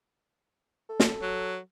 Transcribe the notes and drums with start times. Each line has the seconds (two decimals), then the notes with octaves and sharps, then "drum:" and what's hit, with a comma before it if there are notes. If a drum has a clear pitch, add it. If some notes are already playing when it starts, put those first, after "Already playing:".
0.89 A4
1.00 drum: snare
1.22 F#3